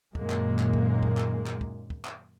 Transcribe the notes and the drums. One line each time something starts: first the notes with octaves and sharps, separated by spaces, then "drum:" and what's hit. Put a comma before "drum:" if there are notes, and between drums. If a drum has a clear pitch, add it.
F#2 A#2 D#3 G#3 A#3, drum: kick
drum: clap
drum: clap
drum: kick
drum: kick
drum: clap
drum: clap
drum: kick
drum: kick
drum: clap